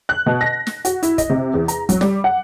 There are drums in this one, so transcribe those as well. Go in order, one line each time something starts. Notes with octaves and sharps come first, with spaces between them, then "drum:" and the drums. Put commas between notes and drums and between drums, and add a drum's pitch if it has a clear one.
F#6
B2
A#6
drum: snare
F#4, drum: hi-hat
E4, drum: hi-hat
D#5, drum: kick, hi-hat
C3
E2
A#5, drum: hi-hat
F#3, drum: kick, hi-hat
G3, drum: snare
F#5